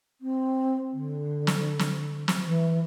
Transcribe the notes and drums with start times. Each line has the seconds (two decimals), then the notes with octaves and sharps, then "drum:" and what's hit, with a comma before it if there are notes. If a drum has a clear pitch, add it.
0.21 C4
0.93 D3
1.47 drum: snare
1.79 drum: snare
2.28 drum: snare
2.44 E3